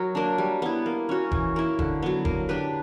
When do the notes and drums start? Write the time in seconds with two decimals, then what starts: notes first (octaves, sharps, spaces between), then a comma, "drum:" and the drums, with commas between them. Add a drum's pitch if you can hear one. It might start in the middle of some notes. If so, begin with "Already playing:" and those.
Already playing: F#3 A#4
0.15 A#3 D4
0.38 G3
0.62 B3 E4
0.86 A#3
1.09 C#4 F#4
1.32 E3, drum: kick F#1
1.56 A#3 E4
1.79 D3, drum: kick F#1
2.03 F#3 B3
2.25 A#3, drum: kick F#1
2.49 D4 G4 B4